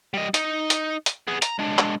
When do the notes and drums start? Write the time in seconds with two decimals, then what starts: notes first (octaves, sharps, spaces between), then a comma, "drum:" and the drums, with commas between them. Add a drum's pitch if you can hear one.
0.14 G3 D#5
0.34 D#4, drum: hi-hat
0.70 drum: hi-hat
1.06 drum: hi-hat
1.27 B3 G#4
1.42 A#5, drum: hi-hat
1.59 G#3 D4
1.78 drum: clap